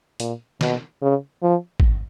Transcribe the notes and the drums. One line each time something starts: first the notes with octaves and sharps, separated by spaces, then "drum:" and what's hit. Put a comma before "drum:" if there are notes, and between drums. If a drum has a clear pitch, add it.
A#2, drum: hi-hat
B2, drum: snare
C#3
F3
drum: kick